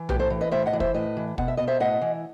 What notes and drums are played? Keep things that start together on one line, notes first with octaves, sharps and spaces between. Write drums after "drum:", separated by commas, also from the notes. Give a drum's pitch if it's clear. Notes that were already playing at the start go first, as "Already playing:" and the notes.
Already playing: E3
A2 G4 B4, drum: tom B1
A4 C5
E3
B4 D#5
A2 C5 E5
D#5 F#5
E3
C5 E5, drum: kick
A2 B4 D#5
E3
B2 F#5, drum: kick
E5
B2 D#5
C5 E5
A2 D#5 F#5
E3